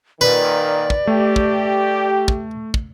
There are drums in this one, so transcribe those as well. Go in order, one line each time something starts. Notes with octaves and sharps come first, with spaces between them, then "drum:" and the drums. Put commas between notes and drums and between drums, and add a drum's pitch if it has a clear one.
A#2 D#3 B4 D5
drum: kick
A3 G4
drum: kick
drum: kick
drum: kick